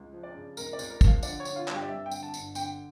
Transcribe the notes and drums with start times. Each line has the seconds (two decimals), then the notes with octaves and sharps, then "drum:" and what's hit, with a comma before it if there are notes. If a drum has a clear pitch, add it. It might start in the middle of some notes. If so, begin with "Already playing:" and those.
Already playing: C#2
0.13 F3
0.23 D5
0.35 C#3
0.57 C#2 A#4, drum: tambourine
0.73 D5
0.79 C#2, drum: tambourine
0.90 A#4
1.01 F3, drum: kick, tambourine
1.07 F5
1.23 D3 D5, drum: tambourine
1.40 C#5
1.45 D3, drum: tambourine
1.56 F4
1.68 G2, drum: clap
1.73 G4
1.82 D5
1.89 G2 E5
2.06 G5
2.11 D3, drum: tambourine
2.23 A5
2.34 G1, drum: tambourine
2.55 D3 G5, drum: tambourine